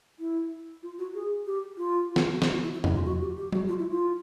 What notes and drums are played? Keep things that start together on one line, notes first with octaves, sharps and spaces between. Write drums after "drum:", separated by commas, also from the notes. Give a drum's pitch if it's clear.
E4
F4
F#4
G#4
G4
F4
drum: snare
F#4
F4, drum: snare
F#4
E4
E4
D#4, drum: tom
F4
F#4
G4
G4
F#4, drum: tom F#3
F4
E4
F4